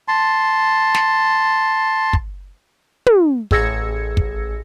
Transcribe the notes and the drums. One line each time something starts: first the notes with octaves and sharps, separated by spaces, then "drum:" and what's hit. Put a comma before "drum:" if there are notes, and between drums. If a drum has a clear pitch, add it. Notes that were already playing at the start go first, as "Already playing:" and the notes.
A5 C6
drum: snare
drum: kick
drum: tom
A1 G#4 E6 G#6 A#6 C#7, drum: kick
drum: kick